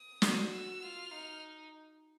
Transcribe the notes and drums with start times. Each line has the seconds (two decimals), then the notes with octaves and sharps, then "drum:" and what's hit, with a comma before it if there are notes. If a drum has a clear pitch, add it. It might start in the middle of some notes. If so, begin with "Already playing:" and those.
Already playing: D#6
0.22 F#4, drum: snare
0.52 E6
0.82 F4 F6
1.12 D#4